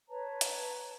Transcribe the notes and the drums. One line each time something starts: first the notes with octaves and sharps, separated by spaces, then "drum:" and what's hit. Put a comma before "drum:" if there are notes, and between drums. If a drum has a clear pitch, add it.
B4 C#5 A5 A#5
drum: hi-hat